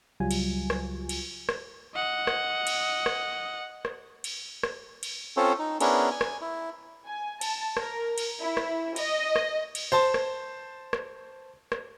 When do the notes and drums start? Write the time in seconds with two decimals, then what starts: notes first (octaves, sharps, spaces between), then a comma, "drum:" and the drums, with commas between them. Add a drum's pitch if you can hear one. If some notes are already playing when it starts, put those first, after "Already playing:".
0.20 C#2 F#3 G3 F4 G#5
0.31 drum: cymbal
0.70 drum: rim click
1.09 drum: cymbal
1.49 drum: rim click
1.95 D#5 F#5
2.27 drum: rim click
2.67 drum: cymbal
3.06 drum: rim click
3.85 drum: rim click
4.24 drum: cymbal
4.63 drum: rim click
5.03 drum: cymbal
5.37 C4 C#4 F4 A4 C5 C#5
5.59 D#4
5.80 B3 C#4 D4 E4 G#4 A#4, drum: cymbal
6.11 G#5
6.21 drum: rim click
6.41 E4
7.06 G#5
7.41 A5, drum: cymbal
7.77 A#4, drum: rim click
8.18 drum: cymbal
8.41 E4
8.57 drum: rim click
8.96 D#5, drum: cymbal
9.36 drum: rim click
9.75 drum: cymbal
9.92 C5 A5
10.14 drum: rim click
10.93 drum: rim click
11.72 drum: rim click